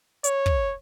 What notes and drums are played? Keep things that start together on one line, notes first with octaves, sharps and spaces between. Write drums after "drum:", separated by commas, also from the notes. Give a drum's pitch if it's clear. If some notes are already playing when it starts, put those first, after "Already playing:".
C#5, drum: hi-hat
drum: kick